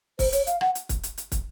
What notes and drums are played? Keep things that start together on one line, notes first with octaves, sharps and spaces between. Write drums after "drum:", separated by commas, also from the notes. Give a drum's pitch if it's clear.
C5, drum: kick, open hi-hat
C#5, drum: hi-hat
F5, drum: hi-hat
F#5, drum: rim click
drum: hi-hat
drum: kick, hi-hat
drum: hi-hat
drum: hi-hat
drum: kick, hi-hat